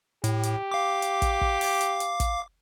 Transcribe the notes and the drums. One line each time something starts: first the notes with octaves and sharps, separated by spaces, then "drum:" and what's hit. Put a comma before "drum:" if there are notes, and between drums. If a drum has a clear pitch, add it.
A2 G4, drum: hi-hat
drum: hi-hat
F5 D6
drum: hi-hat
drum: kick, hi-hat
drum: kick
drum: open hi-hat
drum: hi-hat
drum: hi-hat
drum: kick, hi-hat